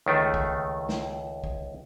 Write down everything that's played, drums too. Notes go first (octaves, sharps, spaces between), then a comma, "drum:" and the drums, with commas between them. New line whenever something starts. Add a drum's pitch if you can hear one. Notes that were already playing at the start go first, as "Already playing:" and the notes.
C#2 D#3 A3
drum: kick B1
drum: snare
drum: kick B1